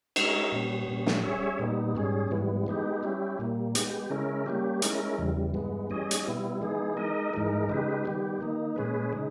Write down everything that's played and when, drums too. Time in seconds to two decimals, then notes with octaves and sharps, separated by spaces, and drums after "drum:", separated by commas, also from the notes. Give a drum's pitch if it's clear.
0.16 G#3 D#4 A#4 C#5 E5, drum: cymbal
0.52 A#2 G3 C#4
0.88 A#2 G3 C#4
1.06 drum: snare
1.23 G3 C#4 G#4 C#5 E5
1.59 A#2 G3 B3 D#4
1.95 G#2 G3 C#4 G#4
2.31 G#2 E3 G3 B3
2.67 G#3 B3 D#4 G4
3.03 G3 C#4 E4 G4
3.39 A#2 G3 A#3
3.75 G#3 B3 G4, drum: hi-hat
4.10 C#3 G#3 C#4 E4 A#4
4.46 G3 A#3 C#4 G4
4.82 G#3 C#4 E4 A#4, drum: hi-hat
5.18 E2 C#3 E3 G3
5.54 G2 E3 G#3 B3
5.90 G3 C#4 G#4 D#5
6.11 drum: hi-hat
6.26 B2 G3 B3 E4
6.62 E3 G#3 B3 D#4 G#4
6.97 G#3 D#4 A#4 D#5
7.33 G#2 E3 G#3 D#4 A#4
7.69 C#3 G#3 D#4 G4 B4
8.05 D#3 G3 B3 G4
8.41 D#3 A#3 D#4
8.76 A#2 G#3 C#4 G#4 B4
9.13 C#3 G#3 D#4